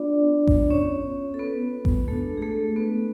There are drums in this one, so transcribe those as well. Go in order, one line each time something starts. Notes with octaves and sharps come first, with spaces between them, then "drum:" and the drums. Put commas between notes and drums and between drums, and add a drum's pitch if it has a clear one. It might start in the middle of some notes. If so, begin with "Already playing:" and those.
Already playing: B3 D4 F4 D5
drum: kick A1
C#4 C#5
A4
B3 B4
drum: kick A1
G#3 A3 D4 F#4 A4
G#4
A3 A4
B3 B4